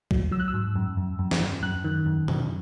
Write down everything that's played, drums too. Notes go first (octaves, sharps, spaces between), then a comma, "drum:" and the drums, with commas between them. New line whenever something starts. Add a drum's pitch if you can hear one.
F#3, drum: kick
F#3 E6
F#6
E6
G#2
F#2
F#2
F#2
drum: snare
F#2
F#2 F#6
D#3
F#2
F#2, drum: tom B2